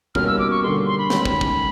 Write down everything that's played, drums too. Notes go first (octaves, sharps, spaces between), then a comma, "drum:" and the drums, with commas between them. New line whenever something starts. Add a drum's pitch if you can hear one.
B2 G3 A#3 C#4 F4 F6, drum: kick
E6
D6
C#6
D3 G3 A#3 C6
C6
B5
D#3 G#3 C#4, drum: snare
drum: kick
drum: kick